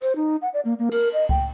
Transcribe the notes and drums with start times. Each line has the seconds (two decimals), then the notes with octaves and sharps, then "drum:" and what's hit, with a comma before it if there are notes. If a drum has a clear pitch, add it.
0.02 C5, drum: tambourine
0.16 D#4
0.42 F#5
0.54 D5
0.65 A#3
0.79 A#3
0.91 A#4, drum: cymbal
1.13 D#5
1.29 G5, drum: kick C#2